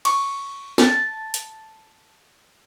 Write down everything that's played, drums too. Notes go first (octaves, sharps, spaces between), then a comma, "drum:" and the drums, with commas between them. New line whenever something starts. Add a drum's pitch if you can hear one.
C#6, drum: cymbal
A5, drum: snare
drum: hi-hat